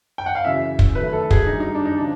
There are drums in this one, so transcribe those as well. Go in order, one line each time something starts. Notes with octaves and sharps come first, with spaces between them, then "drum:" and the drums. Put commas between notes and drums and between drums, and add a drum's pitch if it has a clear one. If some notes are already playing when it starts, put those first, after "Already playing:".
G5
F#5
F5
F#2 C#3 E3 E5
drum: kick
F#2 D#3 F#3 A3 B4
A4
G#4, drum: kick
F#2 D3 G3 D#4
D#4
D4
D#4
C#3 F3 D4